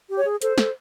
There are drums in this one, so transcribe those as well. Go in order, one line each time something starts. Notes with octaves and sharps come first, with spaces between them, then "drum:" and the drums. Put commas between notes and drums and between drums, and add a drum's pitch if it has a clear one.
G4
C#5
G#4
A4 C5, drum: hi-hat
A4, drum: snare